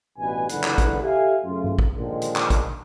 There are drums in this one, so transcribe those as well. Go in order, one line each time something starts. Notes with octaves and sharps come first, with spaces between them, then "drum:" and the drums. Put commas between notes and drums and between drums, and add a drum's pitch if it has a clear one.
A1 G2 B2 B4 G#5
F#1 C#2 D3 E3 B4 F#5, drum: hi-hat
drum: clap
drum: kick, hi-hat
G4 A4 E5 F5 G#5
F#2 C#3 A3 F4
drum: tom G2
drum: kick
A#2 D3 D#3 F3 G#3
drum: hi-hat
drum: clap
drum: kick, hi-hat